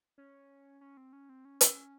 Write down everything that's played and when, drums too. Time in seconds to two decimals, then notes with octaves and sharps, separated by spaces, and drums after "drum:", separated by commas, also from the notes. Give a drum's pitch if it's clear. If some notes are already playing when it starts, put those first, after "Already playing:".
0.18 C#4
0.81 C#4
0.97 C4
1.13 C#4
1.29 C4
1.45 C#4
1.61 C#4, drum: hi-hat
1.76 C#4